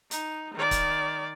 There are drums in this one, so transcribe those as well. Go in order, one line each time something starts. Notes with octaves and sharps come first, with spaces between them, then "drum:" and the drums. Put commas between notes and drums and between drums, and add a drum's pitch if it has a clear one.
D#4, drum: hi-hat
D#3 D5
drum: kick, hi-hat